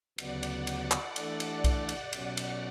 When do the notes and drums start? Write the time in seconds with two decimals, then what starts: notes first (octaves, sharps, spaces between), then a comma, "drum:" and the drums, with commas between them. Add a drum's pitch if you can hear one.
0.18 D2 C#3 F#3 B3 D5 F#5, drum: cymbal
0.43 drum: cymbal
0.67 drum: cymbal
0.91 drum: clap
1.16 E3 A3 D4 A4 D5, drum: cymbal
1.40 drum: cymbal
1.64 drum: kick B1, cymbal
1.89 drum: cymbal
2.13 B2 F#3 C#4, drum: cymbal
2.37 drum: cymbal